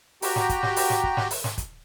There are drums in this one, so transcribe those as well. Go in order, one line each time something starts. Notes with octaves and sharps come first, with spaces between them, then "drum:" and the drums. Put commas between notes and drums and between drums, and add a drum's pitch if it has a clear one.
F#4 G4 G5 A#5, drum: open hi-hat
drum: snare
drum: kick, hi-hat
drum: snare
drum: open hi-hat
drum: snare
drum: kick
drum: snare
drum: open hi-hat
drum: snare
drum: kick, hi-hat